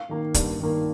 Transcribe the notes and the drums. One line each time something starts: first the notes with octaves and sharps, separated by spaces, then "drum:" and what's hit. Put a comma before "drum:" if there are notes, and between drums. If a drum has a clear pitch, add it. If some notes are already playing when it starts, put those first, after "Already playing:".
Already playing: F5
D#3 A#3
G2, drum: kick, hi-hat
D#3 A#3